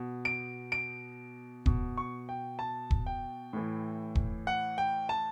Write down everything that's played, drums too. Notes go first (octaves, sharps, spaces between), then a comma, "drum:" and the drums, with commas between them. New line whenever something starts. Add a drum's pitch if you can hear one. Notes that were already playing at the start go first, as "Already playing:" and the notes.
Already playing: B2
D7
D7
B2, drum: kick
C#6
G5
A5
drum: kick
G5
A2 E3
drum: kick
F#5
G5
A5